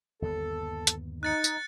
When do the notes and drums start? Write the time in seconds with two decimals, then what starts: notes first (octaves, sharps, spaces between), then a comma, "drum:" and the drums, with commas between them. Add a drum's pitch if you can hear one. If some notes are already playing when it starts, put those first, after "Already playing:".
0.22 G1 D#2 B3 A4
0.87 drum: hi-hat
1.23 D#4 F#6 A6 C#7
1.44 drum: tambourine